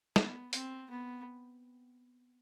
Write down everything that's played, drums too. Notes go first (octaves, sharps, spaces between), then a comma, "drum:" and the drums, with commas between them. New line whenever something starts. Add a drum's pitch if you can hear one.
B3, drum: snare
C4, drum: hi-hat
B3